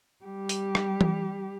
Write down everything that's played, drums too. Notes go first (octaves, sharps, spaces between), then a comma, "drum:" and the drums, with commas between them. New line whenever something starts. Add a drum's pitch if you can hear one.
G3 G4
drum: hi-hat
drum: rim click
drum: tom E3